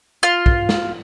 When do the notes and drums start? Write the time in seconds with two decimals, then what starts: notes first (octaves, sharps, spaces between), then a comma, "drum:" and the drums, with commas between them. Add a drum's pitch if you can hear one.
0.23 F4
0.46 drum: kick
0.69 drum: snare